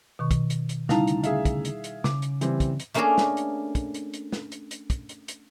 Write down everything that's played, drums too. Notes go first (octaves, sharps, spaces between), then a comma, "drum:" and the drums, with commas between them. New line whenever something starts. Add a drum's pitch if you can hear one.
B2 D#3 C#6
drum: kick, hi-hat
drum: hi-hat
drum: hi-hat
D2 C#3 G3 D#4 E4 F5 A5 A#5, drum: snare
drum: hi-hat
G#4 E5 F5, drum: hi-hat
drum: kick, hi-hat
drum: hi-hat
drum: hi-hat
C#3 D6, drum: snare
drum: hi-hat
E3 G3 C4, drum: hi-hat
drum: kick, hi-hat
drum: hi-hat
A3 A#3 C#4 D4 G#4 A#4
drum: snare
drum: hi-hat
drum: kick, hi-hat
drum: hi-hat
drum: hi-hat
drum: snare
drum: hi-hat
drum: hi-hat
drum: kick, hi-hat
drum: hi-hat
drum: hi-hat